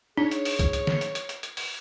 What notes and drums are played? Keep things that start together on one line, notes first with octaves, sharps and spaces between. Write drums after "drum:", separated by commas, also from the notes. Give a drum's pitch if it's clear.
D4 D#4 G#4 C#5
drum: hi-hat
drum: open hi-hat
drum: kick, hi-hat
drum: hi-hat
drum: snare
drum: hi-hat
drum: hi-hat
drum: hi-hat
drum: hi-hat
drum: open hi-hat